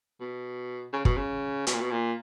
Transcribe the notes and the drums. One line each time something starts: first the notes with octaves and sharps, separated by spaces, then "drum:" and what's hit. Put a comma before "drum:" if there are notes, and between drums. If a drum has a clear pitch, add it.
B2
C#3
B2, drum: kick
C#3
B2, drum: hi-hat
A#2
B2
A#2